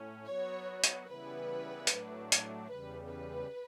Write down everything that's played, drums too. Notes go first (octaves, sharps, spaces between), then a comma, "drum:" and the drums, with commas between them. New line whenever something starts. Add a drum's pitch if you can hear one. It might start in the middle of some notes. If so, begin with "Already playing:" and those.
Already playing: A2 C#4
F#3 B3 F#4 C#5
drum: hi-hat
C#3 E3 G3 B3 E4 B4
A2 F#3 A3 D4, drum: hi-hat
drum: hi-hat
E2 C#3 G3 B4
B4